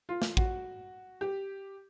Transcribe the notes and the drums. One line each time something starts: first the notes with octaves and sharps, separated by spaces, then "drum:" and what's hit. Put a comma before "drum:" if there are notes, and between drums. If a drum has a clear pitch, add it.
F4
drum: snare
F#4, drum: kick
G4